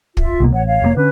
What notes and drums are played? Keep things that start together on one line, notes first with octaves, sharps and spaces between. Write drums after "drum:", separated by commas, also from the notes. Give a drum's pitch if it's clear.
F4 E5, drum: kick
C2 B2 A#3
A1 C#5 F#5
C#5 F5
F1 B2 A#3
D3 C#4 B4